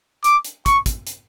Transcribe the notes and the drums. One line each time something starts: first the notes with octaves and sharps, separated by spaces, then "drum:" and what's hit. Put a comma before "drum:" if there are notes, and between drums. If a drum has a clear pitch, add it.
D6, drum: hi-hat
drum: hi-hat
C#6, drum: kick, hi-hat
drum: kick, hi-hat
drum: hi-hat